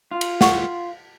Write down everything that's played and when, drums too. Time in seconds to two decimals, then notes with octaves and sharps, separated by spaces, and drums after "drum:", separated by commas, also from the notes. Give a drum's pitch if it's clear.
0.11 F4
0.21 drum: cymbal
0.41 F#5 C#6, drum: snare